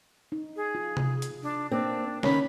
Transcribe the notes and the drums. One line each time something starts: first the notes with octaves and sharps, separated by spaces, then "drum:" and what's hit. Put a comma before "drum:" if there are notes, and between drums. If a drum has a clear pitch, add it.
D#4
G#4
F4
drum: tom C3
drum: hi-hat
D4
A#3 C4 D4
D#3 C#4 B5, drum: snare